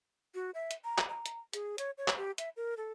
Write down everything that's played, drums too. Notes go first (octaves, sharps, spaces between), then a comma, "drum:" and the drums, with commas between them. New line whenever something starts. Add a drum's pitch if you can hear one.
F#4
E5
drum: hi-hat
A#5
drum: clap
A#5
drum: hi-hat
G#4, drum: hi-hat
C#5, drum: hi-hat
C#5
drum: clap
G4
E5, drum: hi-hat
A#4
A4